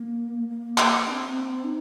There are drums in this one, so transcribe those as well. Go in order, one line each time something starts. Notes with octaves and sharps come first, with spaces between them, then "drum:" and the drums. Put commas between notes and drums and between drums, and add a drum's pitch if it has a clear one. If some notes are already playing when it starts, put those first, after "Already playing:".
Already playing: A#3
A#3
drum: clap
D#4
C4
D#4